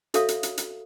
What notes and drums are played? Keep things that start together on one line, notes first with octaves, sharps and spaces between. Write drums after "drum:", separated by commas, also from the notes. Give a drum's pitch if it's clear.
F#4 A4 C#5 E5 F5 D#6, drum: hi-hat
drum: hi-hat
drum: hi-hat
drum: hi-hat